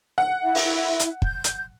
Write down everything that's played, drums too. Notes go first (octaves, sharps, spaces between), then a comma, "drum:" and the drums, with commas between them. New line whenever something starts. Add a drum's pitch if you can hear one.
F#5
E4 E5
drum: open hi-hat
drum: hi-hat
G6, drum: kick
drum: hi-hat